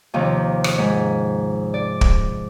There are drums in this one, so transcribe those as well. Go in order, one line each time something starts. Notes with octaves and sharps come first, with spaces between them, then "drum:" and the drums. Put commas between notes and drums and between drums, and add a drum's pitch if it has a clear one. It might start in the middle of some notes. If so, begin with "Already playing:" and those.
D#2 C3 D#3 F3
drum: rim click
G#2
D5
drum: kick